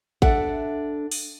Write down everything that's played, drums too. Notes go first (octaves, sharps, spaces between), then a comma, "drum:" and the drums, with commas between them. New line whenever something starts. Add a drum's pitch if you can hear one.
D4 A4 E5 F#5, drum: kick G#1
drum: open hi-hat